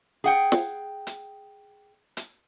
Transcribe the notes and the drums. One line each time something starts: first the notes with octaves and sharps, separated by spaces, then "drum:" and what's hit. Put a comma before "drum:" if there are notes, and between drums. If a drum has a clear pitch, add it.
G#4 F#5 G5
drum: snare
drum: hi-hat
drum: hi-hat